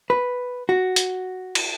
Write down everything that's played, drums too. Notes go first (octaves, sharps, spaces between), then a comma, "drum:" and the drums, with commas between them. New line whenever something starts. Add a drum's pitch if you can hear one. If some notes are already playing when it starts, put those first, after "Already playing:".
B4
F#4
drum: hi-hat
drum: cymbal